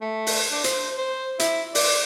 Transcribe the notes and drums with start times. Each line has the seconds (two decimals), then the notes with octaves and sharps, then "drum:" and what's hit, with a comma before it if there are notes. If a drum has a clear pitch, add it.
0.02 A3
0.27 drum: open hi-hat
0.52 D4
0.64 C5, drum: hi-hat
0.98 C5
1.39 E4, drum: hi-hat
1.75 D5, drum: open hi-hat